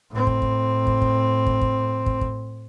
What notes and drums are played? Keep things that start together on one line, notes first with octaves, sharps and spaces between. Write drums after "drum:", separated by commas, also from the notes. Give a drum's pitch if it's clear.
A2 C4
drum: kick
drum: kick
drum: kick
drum: kick
drum: kick
drum: kick
drum: kick
drum: kick